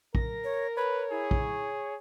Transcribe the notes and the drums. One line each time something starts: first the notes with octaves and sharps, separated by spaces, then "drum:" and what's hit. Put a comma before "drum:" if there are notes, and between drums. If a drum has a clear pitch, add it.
A#4 A#6, drum: kick A#1
C#5
B4 C#5 B5
E4 G#4
drum: kick A#1